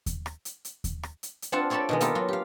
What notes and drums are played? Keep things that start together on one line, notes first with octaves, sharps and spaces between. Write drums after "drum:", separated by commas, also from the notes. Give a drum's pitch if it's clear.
drum: kick D#2, hi-hat
drum: rim click
drum: hi-hat
drum: hi-hat
drum: kick D#2, hi-hat
drum: rim click
drum: hi-hat
drum: hi-hat
C4 D4 F4 F#5 A5
A4 C#5 D5 G5 A5 B5
B2 D#3 G#3
A#3 B3 F4 G4 A4 A#4, drum: hi-hat
F#3 F4
G4 F5